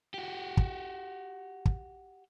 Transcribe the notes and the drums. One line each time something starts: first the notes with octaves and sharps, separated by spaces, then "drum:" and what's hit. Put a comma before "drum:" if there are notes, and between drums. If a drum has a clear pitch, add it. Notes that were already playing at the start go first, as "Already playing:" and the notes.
F#4 G4
drum: kick
drum: kick